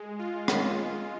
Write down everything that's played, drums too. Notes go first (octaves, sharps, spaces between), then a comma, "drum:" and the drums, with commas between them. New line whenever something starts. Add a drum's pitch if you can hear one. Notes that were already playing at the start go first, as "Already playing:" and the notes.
Already playing: G#3
F4
drum: rim click